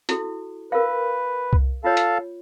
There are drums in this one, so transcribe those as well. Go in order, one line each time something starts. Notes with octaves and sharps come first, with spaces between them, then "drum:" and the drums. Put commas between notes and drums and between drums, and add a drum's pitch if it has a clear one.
E4 F#4 A4, drum: hi-hat
A#4 B4 F5
drum: kick C2
F4 A4 C#5 F5 A5
drum: hi-hat